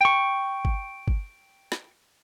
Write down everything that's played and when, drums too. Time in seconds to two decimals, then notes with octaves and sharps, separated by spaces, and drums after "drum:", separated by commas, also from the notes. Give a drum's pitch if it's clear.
0.01 G5 C#6
0.65 drum: kick G1
1.08 drum: kick G1
1.72 drum: snare